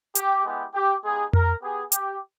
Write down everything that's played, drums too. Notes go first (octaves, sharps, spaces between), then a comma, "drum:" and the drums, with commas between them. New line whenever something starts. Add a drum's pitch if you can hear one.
G4, drum: hi-hat
G#3 B3 E4 G4
G4
G#3 B3 D#4 G4 G#4
A#4, drum: tom F2
B3 G4 G#4
G4, drum: hi-hat